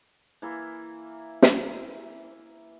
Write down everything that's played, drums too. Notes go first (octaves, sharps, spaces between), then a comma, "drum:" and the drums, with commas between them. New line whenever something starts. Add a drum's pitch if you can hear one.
E3 A#3 E4
drum: snare